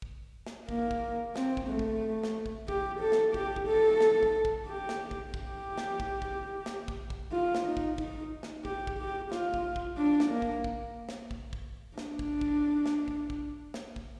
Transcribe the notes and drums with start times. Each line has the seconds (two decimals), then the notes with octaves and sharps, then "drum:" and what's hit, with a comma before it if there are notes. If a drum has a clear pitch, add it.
0.02 drum: kick
0.47 drum: snare
0.69 A#3, drum: kick
0.91 drum: kick
1.36 C4, drum: snare
1.57 drum: kick
1.69 A3
1.79 drum: kick
2.24 drum: snare
2.46 drum: kick
2.68 G4, drum: kick
3.00 A4
3.12 drum: snare
3.34 G4, drum: kick
3.56 drum: kick
3.68 A4
4.01 drum: snare
4.23 drum: kick
4.45 drum: kick
4.66 G4
4.89 drum: snare
5.11 drum: kick
5.34 G4, drum: kick
5.78 drum: snare
6.00 drum: kick
6.22 drum: kick
6.66 drum: snare
6.88 drum: kick
7.10 drum: kick
7.32 F4
7.55 drum: snare
7.66 D#4
7.77 drum: kick
7.98 D#4, drum: kick
8.43 drum: snare
8.65 G4, drum: kick
8.87 drum: kick
8.99 G4
9.32 F4, drum: snare
9.54 drum: kick
9.76 drum: kick
9.98 D4
10.20 drum: snare
10.31 A#3
10.42 drum: kick
10.64 drum: kick
11.09 drum: snare
11.31 drum: kick
11.53 drum: kick
11.98 D4, drum: snare
12.19 drum: kick
12.41 drum: kick
12.86 drum: snare
13.08 drum: kick
13.30 drum: kick
13.74 drum: snare
13.96 drum: kick